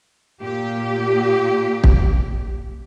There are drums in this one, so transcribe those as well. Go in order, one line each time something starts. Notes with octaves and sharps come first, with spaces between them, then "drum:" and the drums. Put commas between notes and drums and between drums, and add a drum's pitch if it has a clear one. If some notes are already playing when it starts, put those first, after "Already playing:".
A#2 G4
drum: kick